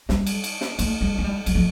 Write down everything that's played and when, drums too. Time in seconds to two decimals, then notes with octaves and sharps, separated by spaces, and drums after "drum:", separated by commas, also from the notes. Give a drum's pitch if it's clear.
0.09 G3, drum: snare
0.27 drum: cymbal
0.44 drum: cymbal
0.61 drum: snare
0.79 A3, drum: cymbal
1.01 G3
1.18 G#3
1.24 G3
1.46 F#3, drum: cymbal
1.55 F3